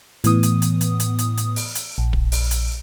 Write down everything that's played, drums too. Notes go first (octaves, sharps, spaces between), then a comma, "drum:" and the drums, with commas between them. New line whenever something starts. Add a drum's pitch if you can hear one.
A2 E3 B3 D#6, drum: hi-hat
drum: hi-hat
drum: hi-hat
drum: hi-hat
drum: hi-hat
drum: hi-hat
drum: hi-hat
drum: open hi-hat
drum: hi-hat
A#1
drum: kick
drum: open hi-hat
drum: hi-hat